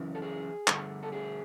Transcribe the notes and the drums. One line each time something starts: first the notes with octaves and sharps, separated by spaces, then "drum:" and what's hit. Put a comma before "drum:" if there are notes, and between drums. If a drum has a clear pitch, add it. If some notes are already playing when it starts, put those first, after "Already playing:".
Already playing: F#2 C#3 E3
A4
G#4
G2 D3, drum: clap
A4
G#4